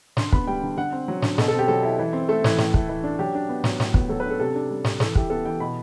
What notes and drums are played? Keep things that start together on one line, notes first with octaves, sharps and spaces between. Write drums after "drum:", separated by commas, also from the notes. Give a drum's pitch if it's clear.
D3 C6, drum: snare
B3 B5, drum: kick
G3 G5
D3
D3 F#5
C4
F#3
D3, drum: snare
B2 A4, drum: snare
C4 A4
G4
F#3 A4
E4
E3
C4
A3 A4
E3, drum: snare
A2, drum: snare
A3, drum: kick
E3
D4
F#3 G4
D4
B3
F#3, drum: snare
A2, drum: snare
B3, drum: kick
F#3 A4
B4
D4 A4
C3 A4
D4
G3
C3, drum: snare
E3 A4, drum: snare
E4 G4, drum: kick
B3 A4
E3 G5
B2 B5